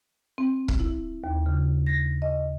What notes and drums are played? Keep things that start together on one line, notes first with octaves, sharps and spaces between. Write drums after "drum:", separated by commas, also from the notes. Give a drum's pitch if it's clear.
C4
drum: kick
E4
D#2
C#3
A#6
D#5